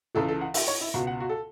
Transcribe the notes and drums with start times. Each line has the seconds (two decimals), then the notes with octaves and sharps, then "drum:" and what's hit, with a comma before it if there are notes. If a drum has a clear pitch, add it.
0.15 C#2 C#3 E3 A4
0.28 A4
0.41 F#5
0.54 E5, drum: open hi-hat
0.68 C#5
0.81 E4
0.94 C#2 B2 F#4
1.07 F#5
1.20 F#4
1.29 A4